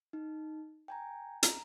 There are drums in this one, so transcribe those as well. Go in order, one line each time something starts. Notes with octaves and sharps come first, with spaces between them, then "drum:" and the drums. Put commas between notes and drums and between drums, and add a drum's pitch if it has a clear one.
D#4
G5 G#5 A#5
A#5, drum: hi-hat